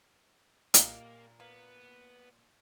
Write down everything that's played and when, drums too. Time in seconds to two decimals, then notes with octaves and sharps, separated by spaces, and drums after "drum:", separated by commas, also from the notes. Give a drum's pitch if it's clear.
0.74 A#2 A#3 G4 D#5 F5 A#5, drum: hi-hat
1.40 A#3 B3